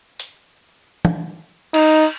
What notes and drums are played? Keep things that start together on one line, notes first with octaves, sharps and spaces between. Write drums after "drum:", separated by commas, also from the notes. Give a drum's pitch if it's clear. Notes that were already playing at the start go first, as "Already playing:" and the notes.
drum: hi-hat
drum: tom
D#4, drum: cymbal